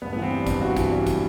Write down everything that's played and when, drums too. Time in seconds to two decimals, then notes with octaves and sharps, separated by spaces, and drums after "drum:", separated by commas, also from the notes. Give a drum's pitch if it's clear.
0.02 G2 B3
0.13 E3 B3
0.22 C4
0.32 G3
0.41 D4
0.47 G2, drum: kick, hi-hat
0.61 G2 F#4
0.77 E3, drum: kick, hi-hat
0.92 G3
1.07 drum: kick, hi-hat